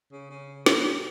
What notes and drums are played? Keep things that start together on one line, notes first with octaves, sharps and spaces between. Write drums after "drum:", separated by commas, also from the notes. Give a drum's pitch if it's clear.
C#3
C#3
A#2, drum: snare